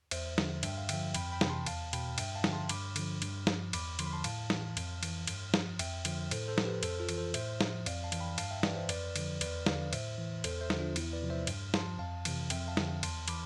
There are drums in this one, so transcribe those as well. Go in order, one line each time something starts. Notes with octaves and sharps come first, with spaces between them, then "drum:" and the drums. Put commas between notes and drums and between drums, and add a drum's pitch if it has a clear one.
E2 C5 E5, drum: cymbal
D3 F3, drum: snare
G2 E5 G5, drum: cymbal
F5
D3 F3 E5 G5, drum: cymbal
F2 G5 B5, drum: cymbal
G5 B5
C3 E3, drum: snare
A5 C6
E2 F5 A5, drum: cymbal
B2 G5 B5, drum: cymbal
G2 E5 G5, drum: cymbal
F5 A5
D3 F3, drum: snare
A5 C6
G2 B5 D6, drum: cymbal
D3 F3, drum: cymbal
G2, drum: cymbal
F3, drum: snare
E2 B5 D6, drum: cymbal
D3 F3 C6, drum: cymbal
B5
A5 C6
A2 F5 A5, drum: cymbal
E3, drum: snare
F2, drum: cymbal
E3, drum: cymbal
G2, drum: cymbal
F3, drum: snare
F2 E5 G5, drum: cymbal
D3 F3, drum: cymbal
A2 A4 C5, drum: cymbal
A4 C5
F3, drum: snare
G4 B4
F2 A4 C5, drum: cymbal
F4 A4
E3, drum: cymbal
A4 C5
A2 C5 E5, drum: cymbal
F3, drum: snare
F2 D5 F5, drum: cymbal
F5 A5
E3, drum: cymbal
G5 B5
G2 F5 A5, drum: cymbal
E5 G5
E3 B4 D5, drum: snare
C5 E5
F2 B4 D5, drum: cymbal
D3 F3, drum: cymbal
E2 B4 D5, drum: cymbal
D3 F3 D5 F5, drum: snare
A2 C5 E5, drum: cymbal
E3
E2 A4 C5, drum: cymbal
C5 E5
D3 F3, drum: snare
D4 F4
E2 E4, drum: cymbal
B4 D5
C3 F3
C5 E5
G2, drum: cymbal
F3 A5 C6, drum: snare
F2 F5 A5
C3 E3, drum: cymbal
F2 E5 G5, drum: cymbal
F5 A5
D3 F3, drum: snare
E2 A5 C6, drum: cymbal
E3 B5 D6, drum: cymbal